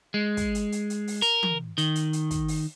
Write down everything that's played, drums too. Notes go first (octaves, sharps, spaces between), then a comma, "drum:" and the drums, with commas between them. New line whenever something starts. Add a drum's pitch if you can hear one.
G#3
drum: kick, hi-hat
drum: hi-hat
drum: hi-hat
drum: hi-hat
drum: open hi-hat
A#4, drum: hi-hat
drum: tom E3
D#3, drum: hi-hat
drum: hi-hat
drum: hi-hat
drum: kick, hi-hat
drum: open hi-hat